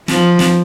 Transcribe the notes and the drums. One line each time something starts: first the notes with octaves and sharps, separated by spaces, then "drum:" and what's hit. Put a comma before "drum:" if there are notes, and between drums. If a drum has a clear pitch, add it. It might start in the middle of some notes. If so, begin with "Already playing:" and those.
F3, drum: snare
drum: snare